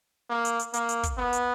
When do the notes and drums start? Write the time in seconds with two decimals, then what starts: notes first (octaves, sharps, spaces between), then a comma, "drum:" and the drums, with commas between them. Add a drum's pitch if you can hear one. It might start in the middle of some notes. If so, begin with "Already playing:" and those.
0.30 A#3
0.45 drum: hi-hat
0.59 drum: hi-hat
0.73 A#3, drum: hi-hat
0.89 drum: hi-hat
1.03 drum: kick, hi-hat
1.17 B3
1.33 drum: hi-hat